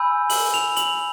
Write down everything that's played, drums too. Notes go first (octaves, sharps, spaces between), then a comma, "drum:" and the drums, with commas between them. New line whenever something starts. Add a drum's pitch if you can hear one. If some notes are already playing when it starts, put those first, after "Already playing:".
Already playing: G#5 B5 E6 G6
F#7, drum: open hi-hat
F7
F#7, drum: hi-hat